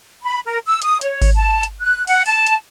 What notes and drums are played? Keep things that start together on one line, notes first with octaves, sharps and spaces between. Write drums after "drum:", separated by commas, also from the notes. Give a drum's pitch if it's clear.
B5
A#4
E6
D#6, drum: hi-hat
C#5, drum: hi-hat
drum: kick G#1, open hi-hat
A5
drum: hi-hat
F#6
F#5, drum: open hi-hat
A5, drum: open hi-hat
drum: hi-hat